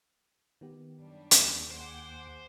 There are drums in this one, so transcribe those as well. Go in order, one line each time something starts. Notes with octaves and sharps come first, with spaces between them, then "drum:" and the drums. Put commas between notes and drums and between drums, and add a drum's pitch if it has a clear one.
D#3 B3 G4
F#2 G3 D4
D#2 G#4 G5, drum: hi-hat
C5 F#5 G#5 D6